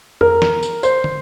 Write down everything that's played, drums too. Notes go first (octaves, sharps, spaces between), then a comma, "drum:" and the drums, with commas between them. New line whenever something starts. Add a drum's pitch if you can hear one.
A#4, drum: tom F2
drum: snare
drum: tambourine
C5, drum: tambourine
drum: tom